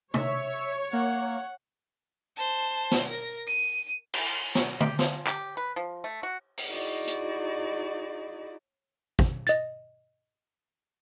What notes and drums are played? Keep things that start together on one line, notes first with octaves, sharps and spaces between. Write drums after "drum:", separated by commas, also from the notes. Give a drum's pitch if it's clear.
C#5 E5, drum: tom C3
A#3 F#5
C5 A5
drum: snare
A#4 A#6
D#7
drum: cymbal
F#3, drum: snare
G4, drum: tom D3
F3, drum: snare
G4, drum: clap
B4
F3
A3
F#4
drum: open hi-hat
D#4 E4 F#4 G#4 D5 D#5
drum: hi-hat
drum: kick
D#5 A6, drum: hi-hat